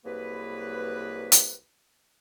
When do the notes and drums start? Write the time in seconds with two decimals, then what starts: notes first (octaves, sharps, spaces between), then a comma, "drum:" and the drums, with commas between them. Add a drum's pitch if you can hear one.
0.05 C2 F#3 A#3 G#4 B4
1.32 drum: hi-hat